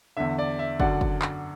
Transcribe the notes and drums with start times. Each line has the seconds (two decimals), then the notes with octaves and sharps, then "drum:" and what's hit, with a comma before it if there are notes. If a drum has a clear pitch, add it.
0.17 E2 D3 E5
0.39 D5
0.59 E5
0.80 F#2 D3 D5 F#5, drum: kick
1.01 drum: kick
1.22 drum: clap